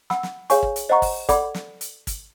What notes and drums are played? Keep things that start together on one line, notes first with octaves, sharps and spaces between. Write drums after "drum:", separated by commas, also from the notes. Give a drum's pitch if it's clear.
F#5 B5 E6, drum: snare
drum: snare
G#4 C#5 F5 G#5 C#6, drum: hi-hat
drum: kick
drum: hi-hat
C5 D#5 F#5 A#5 C#6
drum: kick, open hi-hat
A4 D5 F#5 B5 D6, drum: kick, hi-hat
drum: snare
drum: hi-hat
drum: kick, hi-hat